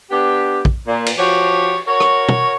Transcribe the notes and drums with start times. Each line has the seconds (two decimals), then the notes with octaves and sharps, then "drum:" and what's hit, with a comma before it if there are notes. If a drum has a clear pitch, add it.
0.11 B3 D4 G4
0.65 drum: kick
0.87 A#2
1.06 drum: cymbal
1.18 F3 F#4 G4 C#5
1.87 F#4 A#4 C#5
2.00 drum: rim click
2.29 drum: tom